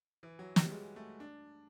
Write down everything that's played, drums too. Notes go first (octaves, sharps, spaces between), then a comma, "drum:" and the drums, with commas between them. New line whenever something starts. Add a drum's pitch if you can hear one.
E3
F#3
G3, drum: snare
G#3
A3
D4